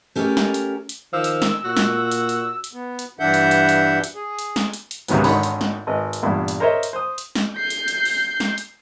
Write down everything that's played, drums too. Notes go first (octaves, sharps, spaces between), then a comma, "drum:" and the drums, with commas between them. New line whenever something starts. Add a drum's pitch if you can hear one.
A3 C#4 G4 A4 A#4
drum: snare
drum: hi-hat
drum: hi-hat
D#3 F3 E6
drum: hi-hat
drum: snare
A#2 F#4
drum: snare
drum: hi-hat
drum: hi-hat
drum: hi-hat
B3
drum: hi-hat
G2 E3 D4 E5 F#5 G6
drum: hi-hat
drum: hi-hat
drum: hi-hat
drum: hi-hat
G#4
drum: hi-hat
drum: snare
drum: hi-hat
drum: hi-hat
C#2 G#2 C3 D#3 F#3 B3, drum: hi-hat
G#1 G#2 D3 D#3 C#5 B5, drum: open hi-hat
drum: hi-hat
drum: snare
G#1 B4 D#5
drum: hi-hat
E2 G2 A#2
drum: hi-hat
A#4 C5 C#5 D#5 E5 A#5
drum: hi-hat
C5 D#6
drum: hi-hat
drum: snare
G6 C7
drum: hi-hat
drum: hi-hat
drum: open hi-hat
drum: snare
drum: hi-hat